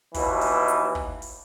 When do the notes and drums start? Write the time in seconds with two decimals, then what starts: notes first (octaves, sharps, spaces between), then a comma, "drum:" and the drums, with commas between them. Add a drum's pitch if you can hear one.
0.14 D#2 B2 E3, drum: kick, open hi-hat
0.41 drum: open hi-hat
0.68 drum: hi-hat
0.95 drum: kick
1.22 drum: open hi-hat